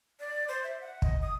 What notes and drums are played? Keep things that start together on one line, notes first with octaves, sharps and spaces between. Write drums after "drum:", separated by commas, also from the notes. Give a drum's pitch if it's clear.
D5
C5
E5
F#5
D#5, drum: kick
D#6